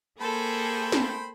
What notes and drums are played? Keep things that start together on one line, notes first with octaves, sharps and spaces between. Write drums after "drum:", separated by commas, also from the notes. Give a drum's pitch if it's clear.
A#3 G#4 A4 C5 G5 B5
drum: snare